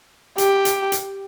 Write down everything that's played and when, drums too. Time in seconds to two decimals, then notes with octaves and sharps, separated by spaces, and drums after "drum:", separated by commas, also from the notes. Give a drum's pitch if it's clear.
0.38 G4, drum: hi-hat
0.65 drum: hi-hat
0.92 drum: hi-hat